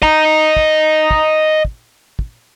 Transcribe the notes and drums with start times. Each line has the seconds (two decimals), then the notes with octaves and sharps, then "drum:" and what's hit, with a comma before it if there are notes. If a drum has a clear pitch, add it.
0.02 D#5 A#5, drum: kick
0.57 drum: kick
1.11 drum: kick
1.65 drum: kick
2.19 drum: kick